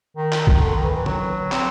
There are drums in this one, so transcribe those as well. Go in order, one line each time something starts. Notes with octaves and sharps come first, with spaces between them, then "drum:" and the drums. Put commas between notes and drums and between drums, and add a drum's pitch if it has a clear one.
D#3
drum: clap
drum: kick A#1
D3
D#3
E3
E3
F#3, drum: tom
C4, drum: clap